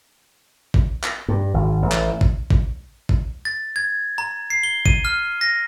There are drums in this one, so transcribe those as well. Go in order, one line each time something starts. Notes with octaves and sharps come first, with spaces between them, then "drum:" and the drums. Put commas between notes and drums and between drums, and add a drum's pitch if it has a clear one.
drum: kick G#1
drum: clap
G2
G#1
A1
drum: clap
drum: kick G#1
drum: kick G#1
drum: kick G#1
A6
G#6
A#5
C7
G7
D#7, drum: kick G#1
F6
A#6